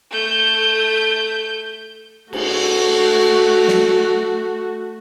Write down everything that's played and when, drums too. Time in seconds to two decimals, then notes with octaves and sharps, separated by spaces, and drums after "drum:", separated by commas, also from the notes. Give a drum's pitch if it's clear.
0.11 A3 G6
2.33 A3 F#4, drum: cymbal
3.68 drum: snare